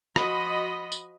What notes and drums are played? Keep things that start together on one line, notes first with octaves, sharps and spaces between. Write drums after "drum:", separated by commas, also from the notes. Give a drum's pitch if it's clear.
F3 F#4 D#5 B5, drum: rim click
drum: tambourine